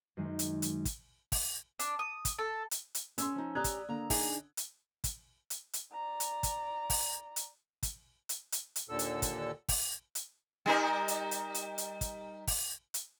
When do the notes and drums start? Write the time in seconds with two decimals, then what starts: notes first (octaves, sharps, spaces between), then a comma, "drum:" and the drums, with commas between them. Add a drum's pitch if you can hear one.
0.17 F#2 D#3 G#3
0.39 drum: hi-hat
0.62 drum: hi-hat
0.85 drum: kick, hi-hat
1.32 drum: kick, open hi-hat
1.79 D4, drum: hi-hat
1.99 D#6
2.25 drum: kick, hi-hat
2.39 A4
2.71 drum: hi-hat
2.95 drum: hi-hat
3.18 C#4 C6 E6, drum: hi-hat
3.36 F3 D#4
3.55 G4 D5 A#5 D#6 F#6 G#6
3.64 drum: kick, hi-hat
3.89 D3 A#3 A#5
4.10 D4 D#4 G#4, drum: kick, open hi-hat
4.57 drum: hi-hat
5.04 drum: kick, hi-hat
5.50 drum: hi-hat
5.73 drum: hi-hat
5.93 D5 A#5
6.20 drum: hi-hat
6.43 drum: kick, hi-hat
6.90 drum: kick, open hi-hat
7.36 drum: hi-hat
7.83 drum: kick, hi-hat
8.29 drum: hi-hat
8.52 drum: hi-hat
8.76 drum: hi-hat
8.89 D#2 A#2 D3 A4 E6
8.99 drum: hi-hat
9.22 drum: kick, hi-hat
9.69 drum: kick, open hi-hat
10.15 drum: hi-hat
10.66 G3 D#4 A#4
11.08 drum: hi-hat
11.31 drum: hi-hat
11.54 drum: hi-hat
11.78 drum: hi-hat
12.01 drum: kick, hi-hat
12.47 drum: kick, open hi-hat
12.94 drum: hi-hat